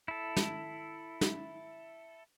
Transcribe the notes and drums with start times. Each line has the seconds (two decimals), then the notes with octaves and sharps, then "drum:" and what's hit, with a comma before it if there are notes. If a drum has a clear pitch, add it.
0.08 E4 A4
0.37 drum: snare
1.21 drum: snare